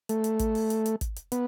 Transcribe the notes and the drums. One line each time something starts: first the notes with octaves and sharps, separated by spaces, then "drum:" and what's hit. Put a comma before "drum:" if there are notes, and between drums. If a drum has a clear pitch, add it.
A3, drum: hi-hat
drum: hi-hat
drum: kick, hi-hat
drum: open hi-hat
drum: hi-hat
drum: hi-hat
drum: kick, hi-hat
drum: hi-hat
B3, drum: hi-hat